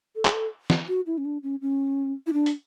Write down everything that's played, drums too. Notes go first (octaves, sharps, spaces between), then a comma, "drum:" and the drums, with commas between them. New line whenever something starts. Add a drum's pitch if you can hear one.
A4
G#4, drum: clap
A4
drum: snare
F#4
E4
C#4
D4
C#4
C#4
E4
D4
drum: hi-hat